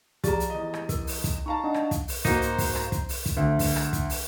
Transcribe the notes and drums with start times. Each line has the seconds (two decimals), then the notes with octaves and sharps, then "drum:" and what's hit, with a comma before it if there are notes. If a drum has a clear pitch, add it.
0.24 F3 G4 G#4 D5 A#5 A6, drum: kick, hi-hat
0.40 drum: hi-hat
0.50 E2 D#5
0.74 drum: rim click
0.89 A#4, drum: kick, hi-hat
1.07 drum: open hi-hat
1.24 drum: kick, hi-hat
1.46 D#4 F5 A5 A#5 C#6
1.64 D4 D#5 F#5
1.74 drum: rim click
1.91 drum: kick, hi-hat
2.08 drum: open hi-hat
2.25 G#2 A#3 D#4 F#4 C5 A#5, drum: kick, hi-hat
2.42 drum: hi-hat
2.58 drum: kick, open hi-hat
2.75 drum: rim click
2.92 drum: kick, hi-hat
3.09 drum: open hi-hat
3.26 drum: kick, hi-hat
3.37 D2
3.59 drum: kick, open hi-hat
3.76 drum: rim click
3.93 drum: kick, hi-hat
4.10 drum: open hi-hat